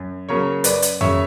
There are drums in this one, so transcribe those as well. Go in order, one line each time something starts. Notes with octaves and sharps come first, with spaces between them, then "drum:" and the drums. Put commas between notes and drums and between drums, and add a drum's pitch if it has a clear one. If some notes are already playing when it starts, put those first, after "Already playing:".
Already playing: F#2
C#3 F#3 A#3 C#4 A#4 C#5
F#2 B4 D5, drum: hi-hat
drum: hi-hat
C#3 F#3 A#3 C#4 C#5 E5, drum: tom F2